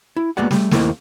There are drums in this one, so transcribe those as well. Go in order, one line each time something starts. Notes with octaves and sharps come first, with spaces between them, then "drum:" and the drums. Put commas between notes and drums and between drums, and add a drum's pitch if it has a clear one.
E4
G#3 A#3 B3 F#4 D5 F#5
G3 A3, drum: snare
D#2 A3 A#3 E4 C5 D#5, drum: snare